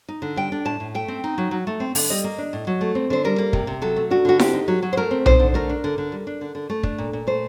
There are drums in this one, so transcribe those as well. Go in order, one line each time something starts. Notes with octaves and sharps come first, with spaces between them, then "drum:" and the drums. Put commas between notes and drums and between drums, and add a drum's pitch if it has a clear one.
D#4
D3
G3 G5
D4
A2 A5
A2
A3 G5
C4
D#4
F#3
F#3
A3
C4
D3, drum: open hi-hat
G3 D#5
A#3
D4
A2
F#3
A3
C4
D3 C5
G3 A#4
A#3
C3, drum: kick
C3
F#3 A4
A3
D4 F#4
D3 F#4
C4 G4, drum: snare E4
D#4
F#3
F#3
C5
A3 A#4
C4
D#4 C5, drum: tom B1
D3
A3 A#4
D4
D3
D3
G3
D4
D3
D3
A3
D4, drum: kick
A#2
A#2
A3 C5